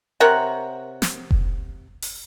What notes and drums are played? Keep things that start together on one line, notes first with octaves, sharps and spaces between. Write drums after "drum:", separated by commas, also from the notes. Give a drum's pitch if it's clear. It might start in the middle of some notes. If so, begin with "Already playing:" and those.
C3 A#4 C#5 F#5
drum: snare
drum: kick F1
drum: open hi-hat